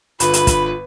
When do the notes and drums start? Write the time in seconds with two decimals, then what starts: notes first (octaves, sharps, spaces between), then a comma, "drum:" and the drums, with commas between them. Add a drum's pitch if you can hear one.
0.20 G1 D3 F4 B4 B5, drum: hi-hat
0.33 drum: hi-hat
0.47 drum: kick, hi-hat